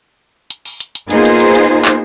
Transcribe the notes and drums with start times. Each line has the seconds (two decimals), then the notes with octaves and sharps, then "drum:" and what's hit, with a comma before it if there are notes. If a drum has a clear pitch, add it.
0.50 drum: hi-hat
0.65 drum: open hi-hat
0.80 drum: hi-hat
0.95 drum: hi-hat
1.10 A#3 B3 D#4 F4 G#4 C5, drum: hi-hat
1.25 drum: hi-hat
1.40 drum: hi-hat
1.55 drum: hi-hat
1.85 drum: clap